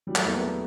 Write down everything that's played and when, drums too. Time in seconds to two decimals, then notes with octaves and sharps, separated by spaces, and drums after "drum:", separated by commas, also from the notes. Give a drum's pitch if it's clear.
0.07 F#3 G3
0.15 A3, drum: clap
0.24 E2 A#3
0.34 B3